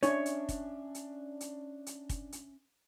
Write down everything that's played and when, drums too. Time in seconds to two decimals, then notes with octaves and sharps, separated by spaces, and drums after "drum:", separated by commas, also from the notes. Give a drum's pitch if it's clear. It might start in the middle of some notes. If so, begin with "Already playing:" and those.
0.03 C#4 D4 C#5 E5, drum: hi-hat
0.26 drum: hi-hat
0.49 drum: kick, hi-hat
0.95 drum: hi-hat
1.41 drum: hi-hat
1.86 drum: hi-hat
2.09 drum: kick, hi-hat
2.32 drum: hi-hat